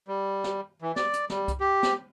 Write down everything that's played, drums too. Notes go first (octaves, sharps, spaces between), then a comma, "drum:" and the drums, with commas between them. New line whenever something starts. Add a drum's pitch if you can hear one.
G3
drum: snare
E3
D5, drum: snare
drum: hi-hat
G3, drum: snare
drum: kick C2, hi-hat
G4
drum: snare